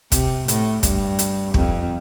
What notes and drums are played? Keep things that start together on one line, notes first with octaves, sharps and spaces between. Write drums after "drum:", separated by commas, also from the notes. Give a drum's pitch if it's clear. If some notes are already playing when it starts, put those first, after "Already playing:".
C3, drum: kick, hi-hat
A2, drum: hi-hat
G2, drum: kick, hi-hat
drum: hi-hat
F2, drum: kick